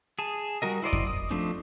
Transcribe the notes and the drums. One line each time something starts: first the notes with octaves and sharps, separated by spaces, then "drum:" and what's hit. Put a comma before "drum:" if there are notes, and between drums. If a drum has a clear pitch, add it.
G#4 A5
G3 F#4 A#4 D#5
E4 C5 D5 D#5
drum: kick F2
D#6
F3 A3 C4 D4 D#4